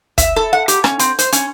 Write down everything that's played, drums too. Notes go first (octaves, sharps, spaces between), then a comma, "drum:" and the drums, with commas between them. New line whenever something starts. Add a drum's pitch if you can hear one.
E5, drum: kick, hi-hat
A4
F#5
G4, drum: hi-hat
C#4, drum: rim click
C4, drum: hi-hat
C5, drum: hi-hat
C#4, drum: hi-hat